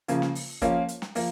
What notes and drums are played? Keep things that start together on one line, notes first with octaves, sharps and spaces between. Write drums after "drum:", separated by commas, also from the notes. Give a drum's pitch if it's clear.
C#3 F3 A#3, drum: hi-hat
drum: snare
drum: open hi-hat
F3 A#3 C#4 F4, drum: kick, hi-hat
drum: hi-hat
drum: snare
F3 A#3, drum: open hi-hat